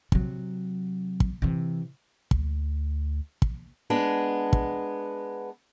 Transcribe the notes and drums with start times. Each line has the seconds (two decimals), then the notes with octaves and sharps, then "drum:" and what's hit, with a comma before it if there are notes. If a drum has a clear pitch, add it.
0.12 C3 F#3, drum: kick
1.20 drum: kick
1.42 C3 E3
2.31 D2, drum: kick
3.42 drum: kick
3.90 G#3 B3 D4
4.53 drum: kick